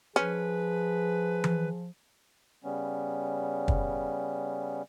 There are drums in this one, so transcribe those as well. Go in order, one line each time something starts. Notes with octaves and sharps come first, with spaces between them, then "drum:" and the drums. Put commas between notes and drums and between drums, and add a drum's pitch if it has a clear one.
F3 C#4 G#4 B4
drum: tom E3
C#3 G3 B3 C#4
drum: kick